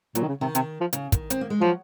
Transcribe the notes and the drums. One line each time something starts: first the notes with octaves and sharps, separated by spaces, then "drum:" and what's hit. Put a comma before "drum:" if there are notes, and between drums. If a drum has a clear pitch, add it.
A#2 F#3, drum: hi-hat
D#3
C#3
C3 D#3
C3, drum: hi-hat
F3
C#3, drum: hi-hat
D#3, drum: kick, hi-hat
C4, drum: hi-hat
A#3
G#3
F3 F#3